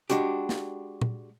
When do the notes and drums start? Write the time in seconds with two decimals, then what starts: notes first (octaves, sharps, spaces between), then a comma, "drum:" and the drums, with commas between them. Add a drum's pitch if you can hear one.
0.10 G#3 D4 F#4 G4, drum: hi-hat
0.49 drum: snare
1.02 drum: tom A#2